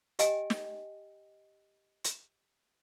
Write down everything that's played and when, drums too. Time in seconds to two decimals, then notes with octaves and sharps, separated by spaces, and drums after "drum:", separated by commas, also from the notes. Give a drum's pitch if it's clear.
0.19 G4 D#5 G5 G#5, drum: hi-hat
0.50 drum: snare
2.04 drum: hi-hat